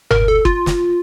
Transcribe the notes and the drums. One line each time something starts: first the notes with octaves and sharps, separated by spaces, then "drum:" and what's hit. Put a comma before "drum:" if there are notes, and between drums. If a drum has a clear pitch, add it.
A#4, drum: tom F#1
A4
F4, drum: kick
drum: snare